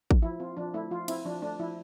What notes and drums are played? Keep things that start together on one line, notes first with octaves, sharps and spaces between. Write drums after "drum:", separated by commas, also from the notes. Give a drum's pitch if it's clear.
drum: kick A1
F3 E4
C4 F4
F3 D4
A3 E4
F3 F4
C4 E4, drum: cymbal
F3 D4
A3 D4
F3 E4